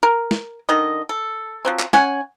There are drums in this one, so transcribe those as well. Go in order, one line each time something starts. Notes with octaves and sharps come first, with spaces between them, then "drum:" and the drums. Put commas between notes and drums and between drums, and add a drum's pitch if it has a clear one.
A#4
drum: snare
D3 D#3 D#5
A4
F3 F#3 C4
drum: clap
C#4 F#5 G#5, drum: snare